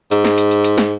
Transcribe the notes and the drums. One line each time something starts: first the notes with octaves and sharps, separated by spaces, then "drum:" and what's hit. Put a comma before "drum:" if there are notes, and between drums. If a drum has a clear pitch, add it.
G#2, drum: hi-hat
drum: snare
drum: hi-hat
drum: hi-hat
drum: hi-hat
drum: snare